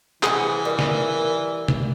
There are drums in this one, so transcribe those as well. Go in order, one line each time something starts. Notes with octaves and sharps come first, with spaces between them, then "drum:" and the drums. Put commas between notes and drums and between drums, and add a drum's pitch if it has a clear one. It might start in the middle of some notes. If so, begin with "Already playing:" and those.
C3 E3 F3 B3 G#4, drum: clap
G3 A#3 A#4
drum: snare
drum: tom C3